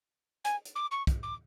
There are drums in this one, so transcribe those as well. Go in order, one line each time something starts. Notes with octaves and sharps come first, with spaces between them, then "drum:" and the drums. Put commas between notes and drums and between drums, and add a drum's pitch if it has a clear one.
G#5, drum: hi-hat
drum: hi-hat
D6
C#6
drum: kick, hi-hat
D6